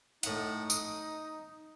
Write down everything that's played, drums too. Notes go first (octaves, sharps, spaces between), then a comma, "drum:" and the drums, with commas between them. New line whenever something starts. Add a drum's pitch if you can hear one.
A2 D#4 F#5, drum: hi-hat
D#6, drum: tambourine